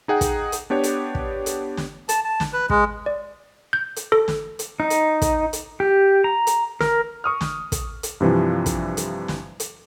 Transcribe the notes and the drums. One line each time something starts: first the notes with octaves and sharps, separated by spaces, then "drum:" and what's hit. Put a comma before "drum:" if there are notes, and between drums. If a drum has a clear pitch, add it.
D#4 G#4 F#5 G5
drum: kick, hi-hat
drum: hi-hat
B3 D4 G4 C#5
drum: hi-hat
drum: kick
drum: hi-hat
drum: snare
A5, drum: hi-hat
A5
drum: snare
B4
G#3, drum: kick
D5
G6
drum: hi-hat
A4
drum: snare
drum: hi-hat
D#4
drum: hi-hat
drum: kick, hi-hat
drum: hi-hat
G4
A#5
drum: hi-hat
A#4, drum: snare
C#6 D#6 F6
drum: snare
drum: kick, hi-hat
drum: hi-hat
G2 C3 E3 F3
drum: kick, hi-hat
drum: hi-hat
drum: snare
drum: hi-hat